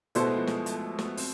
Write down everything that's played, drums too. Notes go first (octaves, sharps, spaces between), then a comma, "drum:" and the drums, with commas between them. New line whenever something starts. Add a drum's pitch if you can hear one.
B2 A3 B3 E4 A4 C5, drum: hi-hat
G#3
F3
G#3, drum: snare
A3, drum: hi-hat
A3
A3, drum: snare
B3
C4, drum: open hi-hat